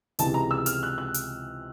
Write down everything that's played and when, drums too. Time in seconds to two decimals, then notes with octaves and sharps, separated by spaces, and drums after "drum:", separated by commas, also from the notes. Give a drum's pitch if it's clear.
0.19 C#2 C3 E3 G#3 A5, drum: hi-hat
0.34 A#5
0.51 E6
0.66 F6, drum: hi-hat
0.83 F#6
0.98 F#6
1.14 drum: hi-hat